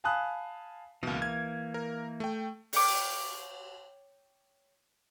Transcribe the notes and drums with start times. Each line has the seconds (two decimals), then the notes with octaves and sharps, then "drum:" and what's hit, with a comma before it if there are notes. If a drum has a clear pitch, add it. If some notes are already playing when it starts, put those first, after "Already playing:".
0.04 F5 G#5 A5 B5 D#6 F#6
1.03 C#2 B2 E3 A#3
1.22 G#6
1.74 A#4
2.20 A3 G5
2.73 C#5 G5 D6, drum: open hi-hat
2.88 drum: cymbal